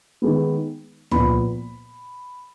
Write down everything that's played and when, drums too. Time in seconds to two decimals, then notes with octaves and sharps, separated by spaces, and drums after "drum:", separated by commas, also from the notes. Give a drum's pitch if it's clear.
0.22 D#3 G#3 B3
1.11 A#2 F3 B3 B5, drum: tom C#2